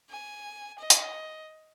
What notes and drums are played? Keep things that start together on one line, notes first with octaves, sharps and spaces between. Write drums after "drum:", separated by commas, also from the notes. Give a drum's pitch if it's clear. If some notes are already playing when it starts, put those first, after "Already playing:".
G#5
D#5
drum: hi-hat